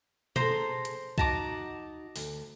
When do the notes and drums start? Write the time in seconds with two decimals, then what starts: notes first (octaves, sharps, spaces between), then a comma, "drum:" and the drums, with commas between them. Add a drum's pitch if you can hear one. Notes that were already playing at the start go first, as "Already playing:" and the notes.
0.36 G#4 A4 C5 A#5, drum: tom B2
0.85 drum: hi-hat
1.18 D#4 F#4 A5 A#5 D6, drum: kick
2.16 D2, drum: open hi-hat